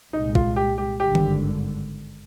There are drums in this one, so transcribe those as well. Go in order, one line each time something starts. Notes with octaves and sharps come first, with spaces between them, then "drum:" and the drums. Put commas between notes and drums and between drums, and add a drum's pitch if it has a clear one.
C2 A#2 G#3 D#4
F4, drum: kick
G4
G4
G#1 G2 D3 G4
drum: tom D#3